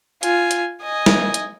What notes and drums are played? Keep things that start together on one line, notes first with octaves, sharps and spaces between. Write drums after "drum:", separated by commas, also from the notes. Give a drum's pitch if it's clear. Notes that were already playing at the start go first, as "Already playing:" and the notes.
F4 G#5, drum: hi-hat
drum: hi-hat
D#5 G#5
drum: snare
drum: hi-hat